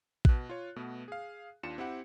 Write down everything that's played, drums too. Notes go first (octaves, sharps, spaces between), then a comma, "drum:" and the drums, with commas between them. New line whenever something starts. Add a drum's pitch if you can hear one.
B2 F#6, drum: kick
F4 C#5
B2 A3 B3
G#4 F5
D#2 D4 F4 C#7 E7
C4 E4 G4 F#5 C#7